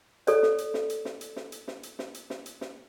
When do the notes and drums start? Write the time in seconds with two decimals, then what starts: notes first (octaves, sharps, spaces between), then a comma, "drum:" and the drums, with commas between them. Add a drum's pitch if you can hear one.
0.27 A4 A#4 C#5 D5, drum: hi-hat
0.43 drum: snare
0.58 drum: hi-hat
0.74 drum: snare
0.90 drum: hi-hat
1.05 drum: snare
1.21 drum: hi-hat
1.36 drum: snare
1.52 drum: hi-hat
1.68 drum: snare
1.83 drum: hi-hat
1.99 drum: snare
2.14 drum: hi-hat
2.30 drum: snare
2.46 drum: hi-hat
2.61 drum: snare